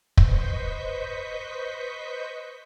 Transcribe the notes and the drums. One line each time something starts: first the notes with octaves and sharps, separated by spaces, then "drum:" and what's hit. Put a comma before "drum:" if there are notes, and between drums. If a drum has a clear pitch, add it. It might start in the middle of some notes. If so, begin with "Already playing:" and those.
B4 C5 D#5 C#6 G6 B6, drum: kick